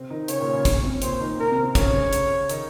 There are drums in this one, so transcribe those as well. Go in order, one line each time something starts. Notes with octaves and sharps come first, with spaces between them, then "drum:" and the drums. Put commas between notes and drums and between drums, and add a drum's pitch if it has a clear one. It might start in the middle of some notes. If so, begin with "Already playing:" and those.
Already playing: C3 C4
D#3 D#4
C#3 C#4 C#5, drum: hi-hat
A#2 A#3
C#3 C#4
drum: kick, hi-hat
C3 C4
A#2 A#3 C5, drum: hi-hat
D#3 D#4
C3 C4 A#4
C3 C4
C3 C4
C#3 C#4 C#5, drum: kick, hi-hat
drum: hi-hat
D#3 D#4, drum: hi-hat